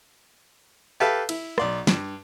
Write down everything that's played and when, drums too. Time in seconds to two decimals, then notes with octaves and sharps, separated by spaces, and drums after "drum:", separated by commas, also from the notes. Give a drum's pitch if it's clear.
1.00 G4 A4 B4 E5 F5 A5
1.29 E4, drum: cymbal
1.58 B1 D5 C6, drum: rim click
1.87 G2, drum: snare